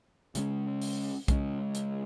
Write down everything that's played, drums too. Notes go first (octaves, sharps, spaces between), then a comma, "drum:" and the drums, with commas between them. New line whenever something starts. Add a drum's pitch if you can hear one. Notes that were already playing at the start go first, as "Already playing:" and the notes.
C#3 G#3 C#4, drum: hi-hat
drum: open hi-hat
C#3 G#3 C#4, drum: kick B1, hi-hat
drum: hi-hat